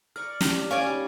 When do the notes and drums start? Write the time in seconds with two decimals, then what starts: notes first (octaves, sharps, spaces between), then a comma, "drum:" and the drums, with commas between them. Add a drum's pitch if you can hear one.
0.16 A#4 D5 C#6 F6
0.41 D4 G4, drum: snare
0.71 C#4 D5 F5 G#5
0.87 G3 D#4